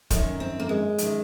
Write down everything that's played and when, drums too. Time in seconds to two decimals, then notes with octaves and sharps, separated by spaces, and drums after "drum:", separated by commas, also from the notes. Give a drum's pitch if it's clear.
0.10 F#2 D#3 C#4, drum: kick, hi-hat
0.40 C4
0.60 A#3
0.69 G#3
0.98 F#2 D#3, drum: hi-hat